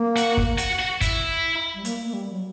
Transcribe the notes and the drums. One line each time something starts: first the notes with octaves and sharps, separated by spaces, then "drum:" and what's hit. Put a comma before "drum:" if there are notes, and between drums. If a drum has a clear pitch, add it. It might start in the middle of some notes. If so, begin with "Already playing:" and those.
Already playing: A#3
F#4, drum: hi-hat
drum: kick
F#4, drum: hi-hat
F#4
E4, drum: kick, hi-hat
G3
A#3, drum: hi-hat
A#3
G3
F#3